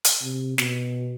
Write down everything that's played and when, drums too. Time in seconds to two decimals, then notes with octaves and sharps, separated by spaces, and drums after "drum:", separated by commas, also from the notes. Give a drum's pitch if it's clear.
0.04 drum: hi-hat
0.22 C3
0.58 B2, drum: snare